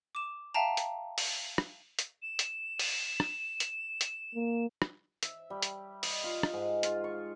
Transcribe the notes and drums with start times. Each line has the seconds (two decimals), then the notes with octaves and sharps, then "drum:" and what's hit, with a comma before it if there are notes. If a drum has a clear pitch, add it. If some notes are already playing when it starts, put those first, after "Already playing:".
0.15 D6 E7
0.54 E5 F5 G5 A5 A#5
0.77 drum: hi-hat
1.18 drum: open hi-hat
1.58 drum: rim click
1.99 drum: hi-hat
2.22 E7
2.39 drum: hi-hat
2.79 drum: open hi-hat
3.20 drum: rim click
3.60 drum: hi-hat
4.01 drum: hi-hat
4.35 A#3
4.82 drum: rim click
5.23 E5, drum: hi-hat
5.50 G3
5.62 drum: hi-hat
6.03 D#5, drum: open hi-hat
6.24 F4
6.43 drum: rim click
6.53 G#2
6.83 F4, drum: hi-hat
7.04 C#6